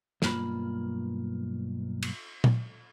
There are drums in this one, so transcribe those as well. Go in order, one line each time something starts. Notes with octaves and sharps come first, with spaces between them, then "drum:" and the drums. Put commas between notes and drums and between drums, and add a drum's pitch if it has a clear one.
B1 G2 A#3 F4 B5, drum: snare
drum: cymbal
drum: tom A#2